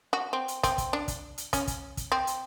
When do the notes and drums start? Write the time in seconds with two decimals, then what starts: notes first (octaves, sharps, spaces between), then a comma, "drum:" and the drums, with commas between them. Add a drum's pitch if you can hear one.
0.13 F#4
0.33 C4
0.48 drum: hi-hat
0.63 C4, drum: kick, hi-hat
0.78 drum: kick, hi-hat
0.93 D4
1.08 drum: kick, hi-hat
1.38 drum: hi-hat
1.53 C#4, drum: kick, hi-hat
1.67 drum: kick, hi-hat
1.97 drum: kick, hi-hat
2.12 C4
2.27 drum: hi-hat